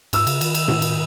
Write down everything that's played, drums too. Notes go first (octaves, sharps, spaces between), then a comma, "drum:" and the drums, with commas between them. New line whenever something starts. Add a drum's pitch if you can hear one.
G#2 E6, drum: cymbal
C#3, drum: cymbal
D#3, drum: cymbal
drum: cymbal
drum: tom A2
drum: cymbal